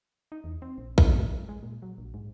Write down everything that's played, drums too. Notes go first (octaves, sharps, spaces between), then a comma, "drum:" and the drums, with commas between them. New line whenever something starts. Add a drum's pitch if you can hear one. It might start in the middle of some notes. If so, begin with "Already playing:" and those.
D#4
E2
C4
A#1
A1, drum: kick A1
A2
G1
G#3
A#2
F#3
A#1
G#2